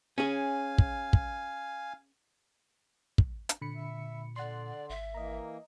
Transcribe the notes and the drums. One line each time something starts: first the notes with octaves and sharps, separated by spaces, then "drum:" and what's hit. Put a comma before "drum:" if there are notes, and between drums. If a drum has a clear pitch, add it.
C#4 G#4 F5 G#5
drum: kick
drum: kick
drum: kick
drum: hi-hat
A#2 D3 B5 C#7
E5
D3 D5 F#5 C6
G#1 E5
E3 A#3 A#4 D#5 A#5